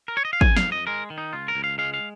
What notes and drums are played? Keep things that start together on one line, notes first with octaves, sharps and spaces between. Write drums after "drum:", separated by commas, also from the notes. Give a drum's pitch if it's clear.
A#4
C#5
D#5
F5
F2 G#5, drum: kick
F5, drum: snare
F2
D#5
G#3 A#4
D#3
D#4
C#2 F4
A#4
C#2
F5
G#3 F5
F5